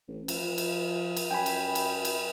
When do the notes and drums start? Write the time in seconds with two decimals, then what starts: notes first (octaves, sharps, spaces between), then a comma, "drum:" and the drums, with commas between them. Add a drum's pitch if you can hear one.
0.08 A1
0.28 F3, drum: cymbal
0.58 drum: cymbal
1.17 drum: cymbal
1.31 F#2 G5 G#5 B5
1.46 drum: cymbal
1.75 drum: cymbal
2.05 drum: cymbal